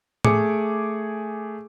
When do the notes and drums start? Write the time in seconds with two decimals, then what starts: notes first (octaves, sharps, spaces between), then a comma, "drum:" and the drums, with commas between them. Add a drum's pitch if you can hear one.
0.24 A3 G#4 G#5 D6 C#7, drum: tom A2